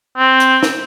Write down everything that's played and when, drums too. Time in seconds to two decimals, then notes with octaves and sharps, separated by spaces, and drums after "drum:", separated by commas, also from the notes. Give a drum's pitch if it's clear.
0.18 C4
0.40 drum: hi-hat
0.63 drum: snare